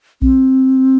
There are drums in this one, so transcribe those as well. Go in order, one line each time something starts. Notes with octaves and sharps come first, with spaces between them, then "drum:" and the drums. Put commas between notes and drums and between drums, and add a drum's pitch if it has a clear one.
C4, drum: kick A#1